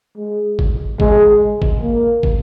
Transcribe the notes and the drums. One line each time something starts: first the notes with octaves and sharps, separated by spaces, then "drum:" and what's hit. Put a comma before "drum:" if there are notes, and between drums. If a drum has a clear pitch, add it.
G#3
drum: kick
G#3, drum: kick
drum: kick
A#3
drum: kick